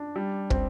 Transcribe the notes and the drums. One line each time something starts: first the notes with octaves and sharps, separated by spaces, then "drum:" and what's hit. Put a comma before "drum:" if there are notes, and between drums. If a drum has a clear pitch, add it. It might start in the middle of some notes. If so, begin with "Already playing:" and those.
Already playing: D4
G3
C4, drum: kick